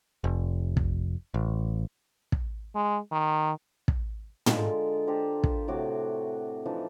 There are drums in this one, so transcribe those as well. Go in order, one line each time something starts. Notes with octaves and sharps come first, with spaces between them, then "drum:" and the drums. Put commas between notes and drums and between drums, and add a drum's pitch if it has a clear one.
F1
drum: kick
A1
drum: kick
G#3
D#3
drum: kick
D3 G#3 F4 A#4, drum: tom
D4 G4 A#4 C5
drum: kick
A2 C3 F#4 D6
E3 F3 D4 D#4